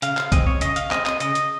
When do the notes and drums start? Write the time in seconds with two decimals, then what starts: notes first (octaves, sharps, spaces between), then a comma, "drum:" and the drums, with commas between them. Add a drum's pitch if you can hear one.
0.02 C#3 F5, drum: hi-hat
0.17 F5, drum: clap
0.32 G#3 C4 D#5, drum: kick B1, hi-hat
0.47 C#5
0.61 C#3 D#5, drum: hi-hat
0.76 F5, drum: hi-hat
0.91 G#3 C4 D#5, drum: clap
1.06 D#5, drum: clap
1.20 C#3 D#5, drum: hi-hat
1.35 drum: hi-hat